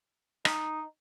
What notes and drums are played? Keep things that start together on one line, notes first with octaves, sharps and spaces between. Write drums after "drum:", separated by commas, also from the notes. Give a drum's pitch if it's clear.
D#4, drum: rim click